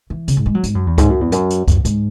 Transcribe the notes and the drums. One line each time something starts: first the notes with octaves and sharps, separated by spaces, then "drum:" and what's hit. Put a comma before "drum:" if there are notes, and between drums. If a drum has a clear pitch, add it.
E3
C#3, drum: hi-hat
G#2
G#3
F#3
G#2, drum: hi-hat
F#2
E2
G#2, drum: kick C#2, hi-hat
F#2
E2
F#2, drum: hi-hat
drum: hi-hat
F#2, drum: kick C#2, hi-hat
G#2, drum: hi-hat